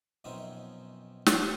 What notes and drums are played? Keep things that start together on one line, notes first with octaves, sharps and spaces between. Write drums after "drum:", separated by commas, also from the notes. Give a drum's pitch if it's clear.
F#2 B2 F3 C4 C#4 D#4
drum: snare